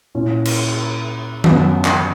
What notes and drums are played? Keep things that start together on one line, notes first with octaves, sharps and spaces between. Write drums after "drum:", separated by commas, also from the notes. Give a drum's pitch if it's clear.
A#2 A#3 C#4 E4
drum: cymbal
F#2 D3 F#3 B3 D4, drum: tom D#3
drum: clap